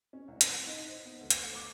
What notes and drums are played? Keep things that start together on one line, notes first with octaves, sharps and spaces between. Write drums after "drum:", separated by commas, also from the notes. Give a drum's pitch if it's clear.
C#4
C2
drum: hi-hat
B6
D#4
C5
B3
D2
drum: hi-hat
C#7
D6